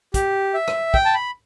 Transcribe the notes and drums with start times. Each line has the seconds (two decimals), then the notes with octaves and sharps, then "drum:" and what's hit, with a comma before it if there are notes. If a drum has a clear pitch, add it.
0.14 G4, drum: kick, hi-hat
0.54 E5
0.68 drum: rim click
0.94 G5, drum: kick
1.05 A5
1.14 B5